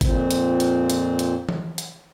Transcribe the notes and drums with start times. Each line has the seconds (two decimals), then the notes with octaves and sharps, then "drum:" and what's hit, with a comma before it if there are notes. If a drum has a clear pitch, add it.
0.01 F2 A#2 C4, drum: kick, hi-hat
0.31 drum: hi-hat
0.60 drum: hi-hat
0.90 drum: hi-hat
1.19 drum: hi-hat
1.49 drum: tom E3
1.78 drum: hi-hat